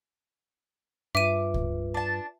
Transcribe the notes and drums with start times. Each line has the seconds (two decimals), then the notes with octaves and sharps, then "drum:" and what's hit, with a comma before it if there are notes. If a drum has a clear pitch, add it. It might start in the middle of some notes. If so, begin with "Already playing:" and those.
1.15 G2 F4 B4 E5 D6 D#7
1.54 drum: kick C#2
1.94 D4 A5